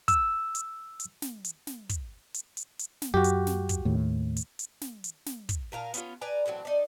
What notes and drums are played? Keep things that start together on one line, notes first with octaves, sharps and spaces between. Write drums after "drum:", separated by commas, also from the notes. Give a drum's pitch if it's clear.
E6, drum: kick, hi-hat
drum: hi-hat
drum: hi-hat
drum: snare
drum: hi-hat
drum: snare
drum: kick, hi-hat
drum: hi-hat
drum: hi-hat
drum: hi-hat
drum: snare
F#2 F#4 G4
drum: hi-hat
drum: snare
drum: kick, hi-hat
D#2 A2
drum: hi-hat
drum: hi-hat
drum: snare
drum: hi-hat
drum: snare
drum: kick, hi-hat
A#2 A#4 F5 A#5
B3 C#4 D#4 F4, drum: hi-hat
B4 D5 G#5 A#5
A2 E3 F#3 C4
D#4 D5